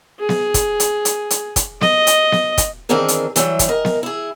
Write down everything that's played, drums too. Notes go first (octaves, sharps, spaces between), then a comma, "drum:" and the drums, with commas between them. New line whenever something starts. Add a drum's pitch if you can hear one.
G#4
drum: snare B3
drum: kick, hi-hat
drum: hi-hat
drum: hi-hat
drum: hi-hat
drum: kick, hi-hat
D#5, drum: snare B3
drum: hi-hat
drum: snare B3
drum: kick, hi-hat
D#3 E3 C4 D4 G#4 A#4
drum: hi-hat
E3 F#3 G3, drum: hi-hat
drum: kick, hi-hat
A#4 D#5
drum: snare B3
E4 G#4